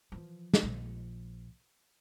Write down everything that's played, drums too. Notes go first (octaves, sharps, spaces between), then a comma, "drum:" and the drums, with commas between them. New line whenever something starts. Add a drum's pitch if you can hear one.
E3 F3
drum: snare
A#1 F3